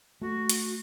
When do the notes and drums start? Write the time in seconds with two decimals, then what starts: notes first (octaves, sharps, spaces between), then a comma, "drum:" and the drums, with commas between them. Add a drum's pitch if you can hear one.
0.21 A3 F#4
0.50 drum: hi-hat